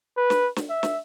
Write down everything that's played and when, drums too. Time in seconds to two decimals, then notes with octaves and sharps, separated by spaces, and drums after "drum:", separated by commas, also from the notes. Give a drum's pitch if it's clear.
0.17 B4
0.30 drum: snare
0.56 drum: snare
0.69 E5
0.83 drum: snare